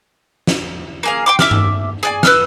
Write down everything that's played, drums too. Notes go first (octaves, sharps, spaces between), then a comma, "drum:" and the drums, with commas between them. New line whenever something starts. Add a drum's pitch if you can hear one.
drum: snare
A#3 G#4 F5
G5 C6 D6
E5 D6 F6, drum: snare
drum: tom G2
G#4 D5 G#5
B4 E6 F6, drum: snare